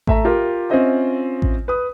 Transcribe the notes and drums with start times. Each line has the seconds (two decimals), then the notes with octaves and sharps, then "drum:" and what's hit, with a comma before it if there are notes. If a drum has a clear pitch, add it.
0.07 A3 E5 A#5, drum: kick A1
0.25 F4 G4 A#4
0.70 C4 C#4 F4 C5 D#5 E5
1.42 drum: kick A1
1.68 B4 D#6